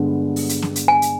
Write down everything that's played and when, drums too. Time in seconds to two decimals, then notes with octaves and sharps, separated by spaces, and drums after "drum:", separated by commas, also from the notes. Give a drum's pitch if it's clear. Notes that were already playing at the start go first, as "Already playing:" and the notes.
Already playing: G2 D3 G#3 B3
0.36 drum: open hi-hat
0.49 drum: hi-hat
0.62 drum: snare
0.76 drum: hi-hat
0.88 G#5
1.02 drum: hi-hat